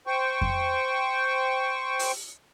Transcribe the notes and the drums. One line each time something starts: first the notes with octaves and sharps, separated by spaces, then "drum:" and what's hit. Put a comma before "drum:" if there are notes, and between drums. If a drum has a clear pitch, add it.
C5 G5 C#6
drum: kick F2
drum: open hi-hat